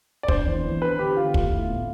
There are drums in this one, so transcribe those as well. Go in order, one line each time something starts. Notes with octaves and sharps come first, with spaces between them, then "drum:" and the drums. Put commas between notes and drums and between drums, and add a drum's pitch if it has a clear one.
D5
D4 C5, drum: kick
E3
E3
D4 B4
D3 G4
D3 F4
A3 F4, drum: kick
E4
A2